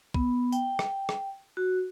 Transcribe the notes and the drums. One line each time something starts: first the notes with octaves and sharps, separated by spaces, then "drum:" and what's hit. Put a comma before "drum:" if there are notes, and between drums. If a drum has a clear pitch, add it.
B3, drum: kick
G5, drum: tambourine
drum: rim click
drum: rim click
F#4